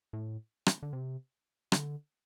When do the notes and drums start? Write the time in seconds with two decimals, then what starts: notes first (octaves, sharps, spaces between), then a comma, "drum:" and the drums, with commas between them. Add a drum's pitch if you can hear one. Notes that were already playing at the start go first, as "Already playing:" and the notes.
0.13 A2
0.66 drum: rim click
0.83 D3
0.93 C3
1.72 D3, drum: rim click